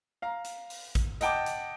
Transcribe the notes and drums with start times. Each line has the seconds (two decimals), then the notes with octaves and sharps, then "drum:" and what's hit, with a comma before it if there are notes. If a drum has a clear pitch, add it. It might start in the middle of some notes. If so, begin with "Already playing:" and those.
0.22 F5 A#5
0.44 drum: hi-hat
0.70 drum: open hi-hat
0.95 drum: kick, hi-hat
1.21 D#5 F#5 G5 A5 D6, drum: hi-hat
1.46 drum: hi-hat